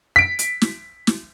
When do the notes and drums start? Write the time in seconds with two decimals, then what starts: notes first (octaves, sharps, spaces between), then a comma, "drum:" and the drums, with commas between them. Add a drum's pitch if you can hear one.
0.16 B6 D7
0.39 drum: hi-hat
0.62 drum: snare
1.07 drum: snare